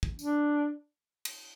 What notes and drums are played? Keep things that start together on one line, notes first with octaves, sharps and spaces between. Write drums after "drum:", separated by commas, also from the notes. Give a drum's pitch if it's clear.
drum: kick
D4, drum: tambourine
drum: cymbal